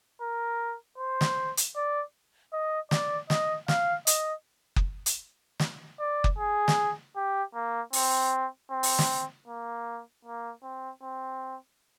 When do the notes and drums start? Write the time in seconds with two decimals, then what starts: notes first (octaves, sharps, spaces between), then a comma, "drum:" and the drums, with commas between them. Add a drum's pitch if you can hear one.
0.21 A#4
0.98 C5
1.21 drum: snare
1.57 drum: hi-hat
1.76 D5
2.53 D#5
2.91 D5, drum: snare
3.30 D#5, drum: snare
3.68 F5, drum: snare
4.07 D#5, drum: hi-hat
4.76 drum: kick F#1
5.06 drum: hi-hat
5.60 drum: snare
6.00 D5
6.24 drum: kick F#1
6.38 G#4
6.68 drum: snare
7.16 G4
7.55 A#3
7.93 C4, drum: open hi-hat
8.71 C4
8.83 drum: open hi-hat
8.99 drum: snare
9.48 A#3
10.25 A#3
10.63 C4
11.02 C4